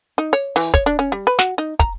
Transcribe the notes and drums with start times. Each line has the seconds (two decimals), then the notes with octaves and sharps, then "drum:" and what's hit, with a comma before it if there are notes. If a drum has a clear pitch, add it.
0.18 D#4
0.33 C#5
0.56 E3, drum: open hi-hat
0.74 C#5, drum: kick
0.86 D4
0.99 C#4
1.12 G3
1.27 B4
1.39 F#4, drum: snare
1.58 D#4
1.79 A#5, drum: kick, hi-hat